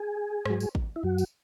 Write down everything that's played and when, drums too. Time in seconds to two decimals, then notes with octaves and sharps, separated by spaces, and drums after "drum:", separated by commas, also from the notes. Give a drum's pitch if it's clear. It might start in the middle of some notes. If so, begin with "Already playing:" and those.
Already playing: G#4
0.46 G#2 F#3, drum: rim click
0.60 drum: tambourine
0.75 drum: kick
0.96 E4
1.03 F#2 F#3 F#4
1.18 drum: tambourine